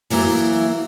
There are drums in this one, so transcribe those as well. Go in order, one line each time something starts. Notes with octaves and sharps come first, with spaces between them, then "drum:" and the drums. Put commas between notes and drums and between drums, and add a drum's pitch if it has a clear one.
E3 F#3 A#3 E4, drum: open hi-hat